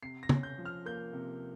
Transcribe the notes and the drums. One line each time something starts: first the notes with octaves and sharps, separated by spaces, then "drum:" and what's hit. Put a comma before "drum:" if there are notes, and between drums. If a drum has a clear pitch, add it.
C3 C7
A#6
C#4, drum: tom
G6
F3
F6
A#3 G6
C3